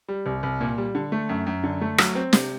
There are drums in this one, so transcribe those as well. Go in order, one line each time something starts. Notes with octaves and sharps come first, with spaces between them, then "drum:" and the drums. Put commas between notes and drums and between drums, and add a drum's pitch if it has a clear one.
G3
C2
C2
A#2
G3
D3
A3
F#2
F#2
D3
A3
F#3, drum: rim click
C4
C3, drum: snare